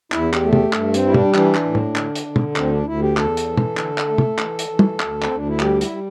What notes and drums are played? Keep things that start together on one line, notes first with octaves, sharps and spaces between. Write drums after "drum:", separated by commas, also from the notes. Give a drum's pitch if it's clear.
E2 E4, drum: clap
G4, drum: clap
A3
G4, drum: tom
G2, drum: clap
C4, drum: hi-hat
G3 E4
D4, drum: tom
E3 D4, drum: clap
drum: clap
A2
drum: tom
D3, drum: clap
drum: hi-hat
D3
drum: tom
D2 C4, drum: clap
D4
D2 E4
G4
E2 A4, drum: clap
drum: hi-hat
E3
drum: tom
D3, drum: clap
drum: clap
A3
drum: tom
E3, drum: clap
drum: hi-hat
E3
drum: tom
D2, drum: clap
C4, drum: clap
D2 D4
E4
G3 G4, drum: clap
D4
E4, drum: hi-hat
G3